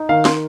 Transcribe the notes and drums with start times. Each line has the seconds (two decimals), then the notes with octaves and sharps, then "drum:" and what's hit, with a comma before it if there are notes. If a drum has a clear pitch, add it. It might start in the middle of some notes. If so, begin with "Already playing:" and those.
Already playing: D#4
0.09 D#3 F5
0.25 C6, drum: snare